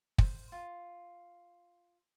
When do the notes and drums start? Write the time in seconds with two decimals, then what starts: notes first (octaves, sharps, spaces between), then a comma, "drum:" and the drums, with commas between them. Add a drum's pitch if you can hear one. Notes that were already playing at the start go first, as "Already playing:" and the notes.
0.18 C5, drum: kick
0.52 F4